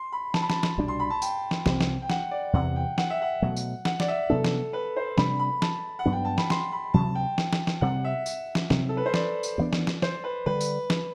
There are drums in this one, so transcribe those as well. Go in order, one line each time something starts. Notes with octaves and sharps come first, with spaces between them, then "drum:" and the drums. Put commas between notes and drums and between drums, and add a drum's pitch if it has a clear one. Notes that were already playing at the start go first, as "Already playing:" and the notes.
Already playing: C6
B5
A5, drum: snare
B5
A5, drum: snare
drum: snare
C2 B2 G3 D4
C6
B5
A5
G5, drum: tambourine
drum: snare
C2 C3 G3 C4, drum: snare
drum: snare
G5
F#5, drum: snare
D5
E2 C3 E3 F#5
G5
F#5, drum: snare
E5
F#5
B2 F#3 A3
drum: tambourine
F#5, drum: snare
D5, drum: snare
E5
C3 F#3 B3 D4 A4
drum: snare
B4
C5
C3 G3 D4 B5, drum: snare
B5
A5, drum: snare
F#5
G2 F#3 B3 D4
G5
A5
B5, drum: snare
C6, drum: snare
B5
D2 C3 F#3 A5
G5
drum: snare
drum: snare
drum: snare
C3 G3 C4 F#5
E5
drum: tambourine
drum: snare
C3 F#3 C4, drum: snare
A4
B4
C5
D5, drum: snare
drum: tambourine
G2 E3 B3 D4
drum: snare
drum: snare
C5, drum: snare
B4
D3 G3 B4
drum: tambourine
drum: snare